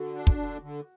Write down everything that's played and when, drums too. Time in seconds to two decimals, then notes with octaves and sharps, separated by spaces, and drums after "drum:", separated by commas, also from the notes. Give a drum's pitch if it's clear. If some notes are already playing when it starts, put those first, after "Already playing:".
Already playing: D3 F#4
0.15 D4
0.27 drum: kick
0.38 D3
0.62 D3